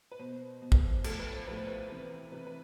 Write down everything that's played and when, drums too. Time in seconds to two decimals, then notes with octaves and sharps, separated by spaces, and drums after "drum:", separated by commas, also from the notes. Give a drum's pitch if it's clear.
0.12 B4
0.19 B2 C5
0.62 B2
0.72 drum: kick
1.04 A2 F3 A4, drum: cymbal
1.19 B4
1.33 C5
1.47 A2 F3 B4
1.57 C5
1.67 B4
1.90 C3 E3
2.32 C3 E3 B4
2.47 B4